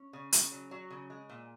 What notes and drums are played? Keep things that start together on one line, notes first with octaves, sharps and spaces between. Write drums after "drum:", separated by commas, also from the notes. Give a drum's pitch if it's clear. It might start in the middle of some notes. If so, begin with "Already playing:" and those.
Already playing: C#4
C#3
C#3, drum: hi-hat
F#3
F#3
C#3
G#3
A#2